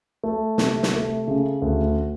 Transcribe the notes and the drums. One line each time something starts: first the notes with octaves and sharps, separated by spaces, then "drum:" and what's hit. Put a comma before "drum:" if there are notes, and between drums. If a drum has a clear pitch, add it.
A3
C3, drum: snare
drum: snare
A3
C#3
D2